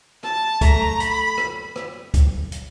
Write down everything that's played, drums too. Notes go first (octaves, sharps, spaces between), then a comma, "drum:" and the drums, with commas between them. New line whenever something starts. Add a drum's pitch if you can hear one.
A5, drum: rim click
A3 A#5, drum: kick, hi-hat
B5, drum: hi-hat
drum: rim click
drum: rim click
drum: kick, hi-hat
drum: hi-hat